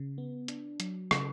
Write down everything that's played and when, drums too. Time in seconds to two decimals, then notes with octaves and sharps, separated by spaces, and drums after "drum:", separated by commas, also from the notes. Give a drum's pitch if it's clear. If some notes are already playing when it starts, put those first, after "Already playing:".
Already playing: C#3
0.18 B3
0.48 D4, drum: hi-hat
0.80 F#3, drum: hi-hat
1.11 C#3, drum: rim click